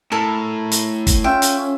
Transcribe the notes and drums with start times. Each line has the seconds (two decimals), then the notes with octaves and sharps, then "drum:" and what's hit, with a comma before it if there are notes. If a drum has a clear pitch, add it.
0.12 A2 E4 A4 A#4 A5
0.72 drum: hi-hat
1.07 drum: kick G1, hi-hat
1.24 C#4 F4 E5 G5
1.42 drum: hi-hat